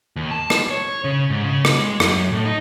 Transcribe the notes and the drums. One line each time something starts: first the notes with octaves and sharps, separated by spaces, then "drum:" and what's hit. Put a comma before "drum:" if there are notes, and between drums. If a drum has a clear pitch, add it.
D#2
A5
drum: rim click
C#5
C#3
G#2
C#3
drum: rim click
G#3
F#2, drum: rim click
A2
D#4